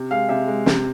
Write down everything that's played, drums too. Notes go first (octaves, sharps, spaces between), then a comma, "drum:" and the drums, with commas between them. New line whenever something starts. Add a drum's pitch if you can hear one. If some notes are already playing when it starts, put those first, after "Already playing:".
Already playing: C3
G#3 F5
C3 E5
G#3
C3, drum: snare